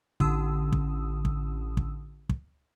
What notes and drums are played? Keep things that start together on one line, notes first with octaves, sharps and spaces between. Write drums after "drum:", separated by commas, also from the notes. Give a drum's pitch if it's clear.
A1 D3 D#6 E6, drum: kick
drum: kick
drum: kick
drum: kick
drum: kick